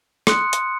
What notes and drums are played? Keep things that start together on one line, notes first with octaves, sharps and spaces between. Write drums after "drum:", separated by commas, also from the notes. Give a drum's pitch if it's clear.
C6 D#6 F#6 C#7, drum: rim click
drum: hi-hat